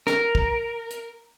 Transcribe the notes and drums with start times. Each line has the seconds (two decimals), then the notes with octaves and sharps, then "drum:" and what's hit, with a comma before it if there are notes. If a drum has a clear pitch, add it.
0.07 A#4, drum: snare
0.35 drum: kick
0.90 drum: hi-hat